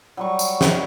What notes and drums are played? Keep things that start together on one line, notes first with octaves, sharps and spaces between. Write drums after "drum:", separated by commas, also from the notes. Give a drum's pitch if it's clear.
F#3 G3 C#6
drum: tambourine
drum: snare